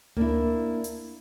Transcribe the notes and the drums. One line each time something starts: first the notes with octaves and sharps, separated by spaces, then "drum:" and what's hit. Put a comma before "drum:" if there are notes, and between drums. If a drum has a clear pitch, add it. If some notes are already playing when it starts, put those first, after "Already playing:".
A#3 D4 E4, drum: tom D2
drum: hi-hat